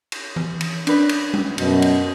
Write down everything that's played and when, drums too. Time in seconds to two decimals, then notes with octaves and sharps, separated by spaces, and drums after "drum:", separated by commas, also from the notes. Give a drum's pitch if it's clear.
0.12 drum: cymbal
0.36 drum: tom E3
0.61 drum: cymbal
0.87 D4 B4, drum: cymbal
1.09 drum: cymbal
1.34 drum: tom
1.58 F#2 B2, drum: cymbal
1.82 drum: cymbal